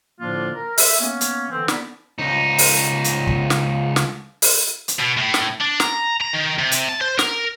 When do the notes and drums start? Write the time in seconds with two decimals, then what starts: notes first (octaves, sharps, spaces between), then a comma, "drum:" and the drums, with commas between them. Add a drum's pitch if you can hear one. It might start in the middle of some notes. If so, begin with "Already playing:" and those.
0.20 A2 D3 F3 A#3 D4 F4
0.55 A#4
0.78 E5, drum: open hi-hat
1.01 A#3 B3 C#4
1.21 drum: hi-hat
1.50 D3 E3 C4
1.68 B3 D#4 D5 B5, drum: snare
2.18 C#2 D#4
2.58 drum: open hi-hat
3.04 drum: hi-hat
3.27 drum: kick
3.50 drum: snare
3.96 drum: snare
4.42 drum: open hi-hat
4.88 drum: hi-hat
4.99 B2
5.17 A2
5.34 drum: snare
5.61 D4
5.80 A#5, drum: snare
6.21 A#5
6.33 D#3
6.59 C3
6.71 drum: hi-hat
6.88 A5
7.01 C5
7.19 A#4, drum: snare